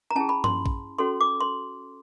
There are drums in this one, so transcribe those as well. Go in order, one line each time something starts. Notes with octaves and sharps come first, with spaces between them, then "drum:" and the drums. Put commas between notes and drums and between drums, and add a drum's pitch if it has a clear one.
A#5
C#4 E4 G#4 A5
B5
C6, drum: tom G2
drum: kick A#1
C#4 F#4 A4 C#5 C6
D6
C6